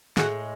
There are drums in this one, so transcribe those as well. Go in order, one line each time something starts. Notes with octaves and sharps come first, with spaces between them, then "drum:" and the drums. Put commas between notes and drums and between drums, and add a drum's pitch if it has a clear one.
A2 G#3 F#4, drum: snare